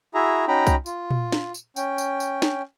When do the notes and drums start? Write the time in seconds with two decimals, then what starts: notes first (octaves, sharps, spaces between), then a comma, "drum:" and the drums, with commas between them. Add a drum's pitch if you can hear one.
0.14 E4 F#4 G#4 E5 A#5
0.48 C#4 D#4 F#4 G5 A#5 B5
0.67 drum: kick C2, tambourine
0.86 F4, drum: tambourine
1.11 drum: tom A#2
1.32 drum: snare
1.54 drum: tambourine
1.76 C#4 G5, drum: tambourine
1.98 drum: tambourine
2.20 drum: tambourine
2.42 drum: snare